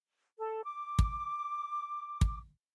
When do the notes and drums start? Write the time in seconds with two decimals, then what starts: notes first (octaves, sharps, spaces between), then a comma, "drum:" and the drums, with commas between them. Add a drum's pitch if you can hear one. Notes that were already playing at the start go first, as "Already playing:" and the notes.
0.37 A4
0.64 D6
0.99 drum: kick
2.21 drum: kick